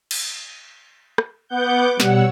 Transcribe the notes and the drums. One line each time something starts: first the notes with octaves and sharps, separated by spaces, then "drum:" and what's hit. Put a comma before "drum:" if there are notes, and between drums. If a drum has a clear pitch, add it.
drum: cymbal
drum: rim click
B3 F#5 D6 G6
B2 G3 C#5 F#5 E6, drum: snare